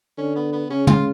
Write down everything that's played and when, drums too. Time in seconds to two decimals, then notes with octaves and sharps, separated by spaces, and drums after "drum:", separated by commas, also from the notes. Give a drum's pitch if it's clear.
0.18 D3 C#4
0.36 B3
0.53 B3
0.70 C#3 C#4
0.87 F4, drum: tom